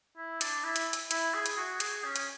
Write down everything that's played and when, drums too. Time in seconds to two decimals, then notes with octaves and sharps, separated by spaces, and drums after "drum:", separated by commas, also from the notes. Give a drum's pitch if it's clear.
0.17 E4
0.41 D4, drum: hi-hat
0.64 E4
0.76 drum: hi-hat
0.93 drum: hi-hat
1.11 E4, drum: hi-hat
1.34 G#4
1.46 drum: hi-hat
1.57 F#4
1.80 G#4, drum: hi-hat
2.05 C#4
2.16 drum: hi-hat